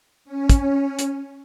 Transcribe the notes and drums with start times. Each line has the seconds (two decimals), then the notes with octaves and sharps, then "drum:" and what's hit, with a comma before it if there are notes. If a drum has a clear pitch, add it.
0.25 C#4
0.50 drum: kick, hi-hat
0.99 drum: hi-hat